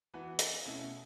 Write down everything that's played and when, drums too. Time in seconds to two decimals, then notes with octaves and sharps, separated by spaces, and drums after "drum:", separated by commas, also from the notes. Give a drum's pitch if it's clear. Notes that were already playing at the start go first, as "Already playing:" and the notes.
0.14 E3 B3 F#4 B4
0.39 drum: hi-hat
0.65 B2 A3 C#4 E4